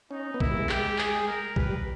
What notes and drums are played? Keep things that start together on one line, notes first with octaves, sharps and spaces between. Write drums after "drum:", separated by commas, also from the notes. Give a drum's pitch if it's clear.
C#4 D#4
B3
A#3 E4, drum: kick
G3
A#3
G#3
G#3 G4, drum: clap
G#4, drum: clap
A#4
G3 B4, drum: kick